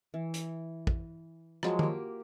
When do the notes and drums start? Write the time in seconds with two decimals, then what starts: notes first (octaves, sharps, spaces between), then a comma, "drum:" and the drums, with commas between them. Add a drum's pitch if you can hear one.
0.14 E3
0.34 drum: hi-hat
0.87 drum: kick
1.63 F3 F#3 G#3, drum: rim click
1.79 A#3 G4, drum: tom